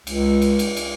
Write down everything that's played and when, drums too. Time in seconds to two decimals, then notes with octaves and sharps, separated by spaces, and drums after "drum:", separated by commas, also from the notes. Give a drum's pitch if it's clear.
0.07 C#2, drum: cymbal
0.42 drum: cymbal
0.59 drum: cymbal
0.77 drum: cymbal